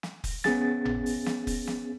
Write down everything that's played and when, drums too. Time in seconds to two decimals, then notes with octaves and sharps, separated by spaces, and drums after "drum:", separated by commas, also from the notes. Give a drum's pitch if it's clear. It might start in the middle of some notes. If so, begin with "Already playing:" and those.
0.03 drum: snare
0.24 drum: kick, open hi-hat
0.44 B3 C#4 G#4 A6, drum: snare
0.85 drum: tom G1
1.06 drum: open hi-hat
1.26 drum: snare
1.47 drum: kick, open hi-hat
1.67 drum: snare